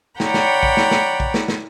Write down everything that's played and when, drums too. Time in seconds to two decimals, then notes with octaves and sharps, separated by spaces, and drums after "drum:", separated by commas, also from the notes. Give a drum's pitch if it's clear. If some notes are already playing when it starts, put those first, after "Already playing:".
0.20 C#5 D5 F#5 G5 A#5 B5, drum: snare
0.34 drum: snare
0.63 drum: kick
0.77 drum: snare
0.91 drum: snare
1.20 drum: kick
1.34 drum: snare
1.48 drum: snare